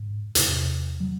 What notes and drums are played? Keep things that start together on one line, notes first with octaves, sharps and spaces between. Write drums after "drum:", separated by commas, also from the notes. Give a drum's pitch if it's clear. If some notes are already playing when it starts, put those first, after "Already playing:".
Already playing: G#2
E2 C3, drum: hi-hat
F#3